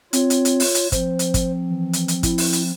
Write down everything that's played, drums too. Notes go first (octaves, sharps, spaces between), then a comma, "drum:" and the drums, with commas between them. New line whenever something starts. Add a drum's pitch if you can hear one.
C4 F4 C#5, drum: hi-hat
drum: hi-hat
drum: hi-hat
drum: open hi-hat
drum: hi-hat
F3 C4 C5, drum: kick, hi-hat
drum: hi-hat
drum: kick, hi-hat
E3
drum: hi-hat
drum: hi-hat
E4, drum: kick, hi-hat
drum: open hi-hat
drum: hi-hat